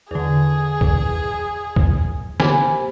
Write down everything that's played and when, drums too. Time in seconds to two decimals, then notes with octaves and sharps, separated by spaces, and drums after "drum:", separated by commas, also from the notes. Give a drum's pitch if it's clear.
0.11 E2 D3 G#4
0.81 E2, drum: kick C2
1.76 drum: kick C2
2.40 A#3 G4 C5 G#5 B5, drum: snare